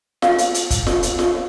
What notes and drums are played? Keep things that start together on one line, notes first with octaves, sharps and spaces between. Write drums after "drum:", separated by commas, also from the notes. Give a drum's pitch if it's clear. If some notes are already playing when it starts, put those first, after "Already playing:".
F5, drum: snare F4
drum: hi-hat
drum: hi-hat
drum: kick, hi-hat
drum: snare F4
drum: hi-hat
drum: snare F4